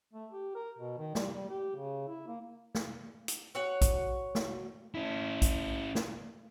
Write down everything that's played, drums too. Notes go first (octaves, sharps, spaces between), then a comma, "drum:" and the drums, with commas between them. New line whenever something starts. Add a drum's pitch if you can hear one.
A3
G4
A#4
B2
D#3
G3, drum: snare
G3
G4
C#3
E4
A#3
drum: snare
drum: hi-hat
F#4 C#5 F#5
drum: kick A#1, hi-hat
drum: snare
C#4 E4
drum: kick A#1, hi-hat
drum: snare